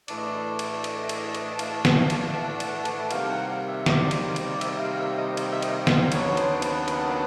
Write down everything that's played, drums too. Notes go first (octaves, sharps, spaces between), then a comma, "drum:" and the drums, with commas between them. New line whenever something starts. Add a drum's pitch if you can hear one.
A2 E3 A3 D4 D5, drum: cymbal
D#5
D5
drum: cymbal
D#5, drum: cymbal
drum: cymbal
drum: cymbal
F5, drum: cymbal
drum: snare
drum: cymbal
F#5
drum: cymbal
drum: cymbal
C3 D#3 G3 A#3 F5, drum: cymbal
F#5
F5
E5
D5, drum: snare
drum: cymbal
drum: cymbal
E5, drum: cymbal
F5
E5
D#5
D#5, drum: cymbal
E5
D#5, drum: cymbal
drum: snare
D#2 C#3 F#3 B3 D4 C#5, drum: cymbal
C5, drum: cymbal
B4, drum: cymbal
A#4, drum: cymbal